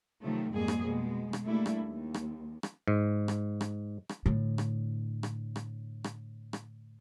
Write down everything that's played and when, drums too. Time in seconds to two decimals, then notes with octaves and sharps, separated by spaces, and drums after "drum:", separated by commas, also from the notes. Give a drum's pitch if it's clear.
0.22 C3 D#3 F3 F#3 A3
0.52 F2 G#2 G3 G#3 A#3 G#4
0.68 drum: rim click
0.84 B2 G#3
1.33 drum: rim click
1.46 G3 A3 A#3 D4 E4
1.66 drum: rim click
1.82 D#2
2.14 drum: rim click
2.63 drum: rim click
2.88 G#2
3.28 drum: rim click
3.61 drum: rim click
4.09 drum: rim click
4.26 A2 D3
4.58 drum: rim click
5.23 drum: rim click
5.56 drum: rim click
6.04 drum: rim click
6.53 drum: rim click